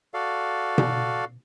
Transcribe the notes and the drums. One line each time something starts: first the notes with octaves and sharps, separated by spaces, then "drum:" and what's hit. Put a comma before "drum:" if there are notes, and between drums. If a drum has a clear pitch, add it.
F#4 A4 D5 F5
drum: tom B2